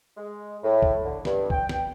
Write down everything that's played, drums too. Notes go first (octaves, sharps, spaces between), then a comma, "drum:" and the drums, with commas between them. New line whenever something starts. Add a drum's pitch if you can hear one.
G#3
A2
drum: kick C2
D3
G2, drum: snare
G5, drum: kick C2
drum: snare